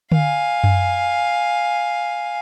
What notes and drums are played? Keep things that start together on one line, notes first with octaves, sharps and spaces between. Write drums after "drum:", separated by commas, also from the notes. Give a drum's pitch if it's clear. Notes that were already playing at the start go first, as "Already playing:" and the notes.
F5 G#5, drum: tom D3
drum: tom F#2